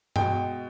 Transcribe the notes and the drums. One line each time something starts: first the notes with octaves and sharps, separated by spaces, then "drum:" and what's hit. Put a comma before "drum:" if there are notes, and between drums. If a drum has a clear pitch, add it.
B2 G#3 G5, drum: tom G2